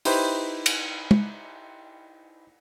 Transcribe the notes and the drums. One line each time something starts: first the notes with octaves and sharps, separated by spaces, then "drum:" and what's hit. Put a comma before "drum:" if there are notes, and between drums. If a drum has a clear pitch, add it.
D#4 E4 G4 B4 C5, drum: open hi-hat
drum: cymbal
drum: tom